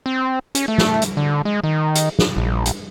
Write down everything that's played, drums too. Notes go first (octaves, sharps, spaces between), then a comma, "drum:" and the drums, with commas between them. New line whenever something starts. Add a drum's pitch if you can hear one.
C4
C#4, drum: hi-hat
A3
drum: snare
drum: hi-hat
D3
G#3
D#3
drum: hi-hat
drum: snare
A#1
drum: hi-hat